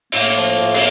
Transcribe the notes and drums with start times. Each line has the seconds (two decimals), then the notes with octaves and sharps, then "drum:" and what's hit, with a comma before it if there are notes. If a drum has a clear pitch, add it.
0.12 A2 A#3, drum: open hi-hat
0.36 F3
0.59 A2
0.75 drum: open hi-hat